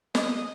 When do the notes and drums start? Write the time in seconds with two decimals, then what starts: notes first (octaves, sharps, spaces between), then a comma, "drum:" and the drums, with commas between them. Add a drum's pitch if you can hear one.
0.15 D#5, drum: snare